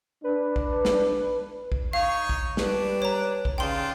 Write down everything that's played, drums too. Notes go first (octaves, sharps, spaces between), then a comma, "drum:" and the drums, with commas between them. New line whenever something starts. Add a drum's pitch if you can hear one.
D4 B4
drum: kick A#1
drum: snare
drum: kick A#1
D#4 C#5 F5 C#6
drum: kick A#1
G3 D4 B4, drum: snare
C#5 A#5
drum: kick A#1
C#3 D4 D#4 F4 G5 C6